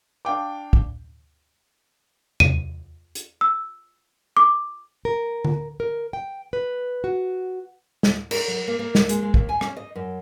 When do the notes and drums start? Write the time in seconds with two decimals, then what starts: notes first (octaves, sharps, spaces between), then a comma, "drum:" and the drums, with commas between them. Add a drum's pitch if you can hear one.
0.25 D4 F5 G5 D6
0.73 drum: kick
2.40 D#7, drum: tom E2
3.15 drum: hi-hat
3.41 E6
4.37 D6
5.05 A#4
5.45 drum: tom D3
5.80 A#4
6.13 G5
6.53 B4
7.04 F#4
8.03 drum: snare
8.31 A#4, drum: cymbal
8.48 F#3
8.68 A#3
8.79 A#3
8.95 drum: snare
9.09 G#3, drum: hi-hat
9.22 G#3
9.34 D#2, drum: kick
9.49 G#5
9.61 C#4, drum: rim click
9.77 D#5
9.95 F#2